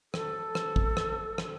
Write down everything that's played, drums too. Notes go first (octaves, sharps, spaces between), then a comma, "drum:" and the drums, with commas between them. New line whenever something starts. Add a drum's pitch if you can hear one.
A4, drum: rim click
drum: rim click
drum: kick A1
drum: rim click
drum: rim click